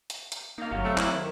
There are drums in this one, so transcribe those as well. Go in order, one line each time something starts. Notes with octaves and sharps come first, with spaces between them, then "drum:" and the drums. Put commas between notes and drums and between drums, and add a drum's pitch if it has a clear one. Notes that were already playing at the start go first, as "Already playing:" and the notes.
drum: hi-hat
drum: hi-hat
A#3 D#4 F5
G1 F#3 F#4 G4 F5
A3 C4
E4, drum: clap
D#3